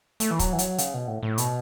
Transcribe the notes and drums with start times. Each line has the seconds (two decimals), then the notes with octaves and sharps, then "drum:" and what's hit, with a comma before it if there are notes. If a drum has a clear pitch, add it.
0.20 A3, drum: hi-hat
0.31 E3
0.39 F#3, drum: kick, hi-hat
0.53 E3
0.59 F#3, drum: hi-hat
0.78 C#3, drum: hi-hat
0.94 B2
1.08 A2
1.23 A2
1.38 B2, drum: hi-hat